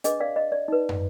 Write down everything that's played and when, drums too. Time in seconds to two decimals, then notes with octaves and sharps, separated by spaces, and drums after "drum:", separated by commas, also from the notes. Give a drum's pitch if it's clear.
0.04 D4 G#4 B4 D#5, drum: hi-hat
0.20 D5 F5
0.36 D#5
0.52 D5
0.68 D#4 B4
0.89 drum: tom